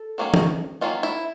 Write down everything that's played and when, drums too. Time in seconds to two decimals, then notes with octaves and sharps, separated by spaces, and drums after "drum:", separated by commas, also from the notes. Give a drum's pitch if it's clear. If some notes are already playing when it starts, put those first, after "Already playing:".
Already playing: A4
0.18 D#3 F#3 A#3 C#4
0.34 drum: tom
0.81 D#3 F#3 A#3 C#4 F4
1.03 E4